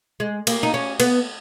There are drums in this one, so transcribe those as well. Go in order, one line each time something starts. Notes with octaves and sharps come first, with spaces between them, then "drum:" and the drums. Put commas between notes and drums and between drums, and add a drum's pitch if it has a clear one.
G#3
A#3, drum: cymbal
D#4
C#4
B3, drum: cymbal